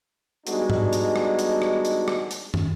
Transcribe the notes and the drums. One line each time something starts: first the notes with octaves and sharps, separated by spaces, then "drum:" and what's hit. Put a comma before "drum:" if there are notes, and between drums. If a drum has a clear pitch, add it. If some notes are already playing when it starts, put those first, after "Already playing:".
G3 G#3 B3 D4 D#4 F#4, drum: hi-hat
drum: tom G#2
drum: hi-hat
drum: rim click
drum: hi-hat
drum: rim click
drum: hi-hat
drum: rim click
drum: hi-hat
drum: tom